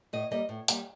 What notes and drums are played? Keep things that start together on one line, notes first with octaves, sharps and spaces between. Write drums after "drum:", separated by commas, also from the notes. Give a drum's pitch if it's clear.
A2 D#5
G3 A#3 D#5
A2
G3 A#3, drum: hi-hat